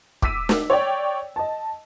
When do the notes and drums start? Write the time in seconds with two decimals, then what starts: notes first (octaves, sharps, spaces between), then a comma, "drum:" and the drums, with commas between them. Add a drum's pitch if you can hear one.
0.22 D6 E6 B6 D#7, drum: kick
0.49 drum: snare
0.70 C#5 D5 G5
1.36 D#5 A5